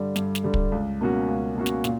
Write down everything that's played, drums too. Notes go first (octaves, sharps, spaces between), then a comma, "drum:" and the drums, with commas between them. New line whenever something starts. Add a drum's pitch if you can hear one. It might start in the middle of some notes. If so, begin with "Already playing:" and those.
Already playing: G2 D3 G3
G2, drum: snare
drum: snare
D3 G3
drum: kick
C#2
B2 A#3 C#4 F#4
C#2
B2 A#3 C#4 F#4
drum: snare
A#2, drum: snare